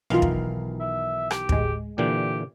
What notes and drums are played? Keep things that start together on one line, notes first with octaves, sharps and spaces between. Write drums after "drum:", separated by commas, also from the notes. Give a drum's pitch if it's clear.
B1 D#3 E3 F4 F5
drum: kick
E5
G4, drum: rim click
D2 A2 G#3, drum: kick
A#2 D3 E3 G4